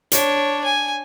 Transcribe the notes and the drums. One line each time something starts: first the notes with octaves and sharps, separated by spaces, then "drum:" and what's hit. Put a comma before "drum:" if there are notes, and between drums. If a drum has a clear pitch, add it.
D4 C#5, drum: hi-hat
G#5